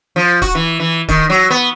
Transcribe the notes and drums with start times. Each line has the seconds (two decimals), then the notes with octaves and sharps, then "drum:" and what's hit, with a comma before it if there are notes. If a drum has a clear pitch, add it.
0.16 F3
0.42 F#4, drum: kick, hi-hat
0.55 E3
0.80 E3
1.09 D#3, drum: kick, hi-hat
1.30 F#3
1.50 B3